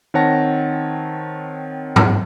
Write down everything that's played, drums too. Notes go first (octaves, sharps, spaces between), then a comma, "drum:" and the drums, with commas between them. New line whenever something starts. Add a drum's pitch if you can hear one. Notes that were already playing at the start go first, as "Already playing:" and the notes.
D#3 C4 C#5 F#5 A5 A#6
drum: tom G#2